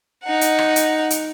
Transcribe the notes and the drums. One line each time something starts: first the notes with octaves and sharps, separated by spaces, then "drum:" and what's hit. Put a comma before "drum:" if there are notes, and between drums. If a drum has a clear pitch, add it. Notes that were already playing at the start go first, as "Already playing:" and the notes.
D#4 F#5
drum: hi-hat
drum: rim click
drum: hi-hat
drum: hi-hat